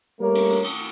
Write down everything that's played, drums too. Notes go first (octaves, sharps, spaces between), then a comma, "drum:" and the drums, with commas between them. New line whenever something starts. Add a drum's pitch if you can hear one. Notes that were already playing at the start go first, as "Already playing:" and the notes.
G3 A3 A#3 A#4 C#5
drum: cymbal
drum: cymbal
drum: cymbal